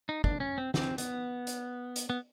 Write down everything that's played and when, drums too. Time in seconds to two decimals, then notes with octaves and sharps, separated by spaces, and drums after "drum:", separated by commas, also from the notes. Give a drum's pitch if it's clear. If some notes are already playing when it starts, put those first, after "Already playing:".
0.09 D#4
0.24 D4, drum: kick
0.40 C#4
0.58 C4
0.74 C4, drum: snare
0.98 B3, drum: hi-hat
1.47 drum: hi-hat
1.96 drum: hi-hat
2.10 B3